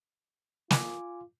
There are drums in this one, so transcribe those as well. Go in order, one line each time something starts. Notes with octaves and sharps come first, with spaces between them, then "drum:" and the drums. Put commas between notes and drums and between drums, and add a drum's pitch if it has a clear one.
F4 G#5 D6, drum: snare